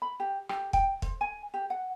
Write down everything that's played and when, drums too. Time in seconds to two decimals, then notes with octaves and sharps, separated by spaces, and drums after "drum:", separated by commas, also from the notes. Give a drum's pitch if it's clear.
0.02 B5
0.20 G4
0.49 G4, drum: rim click
0.73 G5, drum: kick
1.02 C5, drum: kick
1.21 G#5
1.54 G4
1.70 F#5